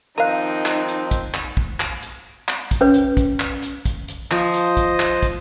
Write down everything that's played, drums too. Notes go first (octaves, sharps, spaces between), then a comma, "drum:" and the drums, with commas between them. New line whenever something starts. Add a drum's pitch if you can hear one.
D#3 F3 C4 D#4 A#4 F5 F#6 D#7
drum: clap
drum: hi-hat
drum: kick, hi-hat
drum: clap
drum: kick
drum: clap
drum: hi-hat
drum: clap
drum: kick, hi-hat
C#4 B4 C#5
drum: hi-hat
drum: kick, hi-hat
drum: clap
drum: hi-hat
drum: kick, hi-hat
drum: hi-hat
F3 C5 D#5, drum: clap
drum: hi-hat
drum: kick, hi-hat
drum: clap
drum: kick, hi-hat